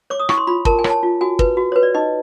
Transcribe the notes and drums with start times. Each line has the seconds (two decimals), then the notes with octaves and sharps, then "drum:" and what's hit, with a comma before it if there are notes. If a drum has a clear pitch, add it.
0.10 C#5 D6
0.20 D#6
0.29 E4 C#6, drum: rim click
0.37 C6
0.47 F4 B5
0.65 A#4 A5, drum: kick
0.79 G#5
0.84 C#5, drum: rim click
0.90 A5
1.03 F4
1.21 F#4 G#5
1.39 B4, drum: kick
1.57 F#4
1.72 B4 C#5
1.83 D5
1.94 D#4 D#5